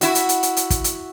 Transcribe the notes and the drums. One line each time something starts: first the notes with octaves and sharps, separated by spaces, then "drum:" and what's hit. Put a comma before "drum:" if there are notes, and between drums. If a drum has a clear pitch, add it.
E4 F#4, drum: hi-hat
drum: hi-hat
drum: hi-hat
drum: hi-hat
drum: hi-hat
drum: kick, hi-hat
drum: hi-hat